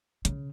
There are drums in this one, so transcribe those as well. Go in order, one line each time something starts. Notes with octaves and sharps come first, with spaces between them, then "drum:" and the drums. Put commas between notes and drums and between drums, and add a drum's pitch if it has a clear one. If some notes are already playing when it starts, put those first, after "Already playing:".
C#3, drum: hi-hat